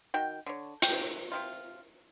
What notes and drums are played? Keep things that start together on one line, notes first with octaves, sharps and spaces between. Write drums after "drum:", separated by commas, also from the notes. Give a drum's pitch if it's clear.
D#3 F#4 G5
D3 C#5
G5, drum: hi-hat
C3 D#3 F4